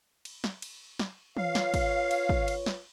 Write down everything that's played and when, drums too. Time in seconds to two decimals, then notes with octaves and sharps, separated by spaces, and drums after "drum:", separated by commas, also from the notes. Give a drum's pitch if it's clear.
0.25 drum: cymbal
0.44 drum: snare
0.62 drum: cymbal
0.99 drum: snare
1.37 F4 B4 C#5 F5, drum: tom E3
1.55 drum: snare
1.74 drum: kick, cymbal
2.11 drum: cymbal
2.29 drum: kick
2.48 drum: cymbal
2.66 drum: snare